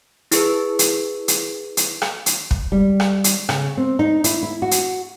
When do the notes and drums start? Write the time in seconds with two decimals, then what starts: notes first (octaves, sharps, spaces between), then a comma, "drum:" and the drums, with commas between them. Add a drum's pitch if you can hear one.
0.31 E4 G#4 B4, drum: hi-hat
0.79 drum: hi-hat
1.28 drum: hi-hat
1.77 drum: hi-hat
2.02 drum: rim click
2.26 drum: hi-hat
2.51 drum: kick
2.72 G3
3.00 drum: rim click
3.24 drum: hi-hat
3.49 C#3, drum: rim click
3.77 C4
3.99 D#4
4.24 E4, drum: hi-hat
4.43 E4
4.62 F#4
4.71 drum: hi-hat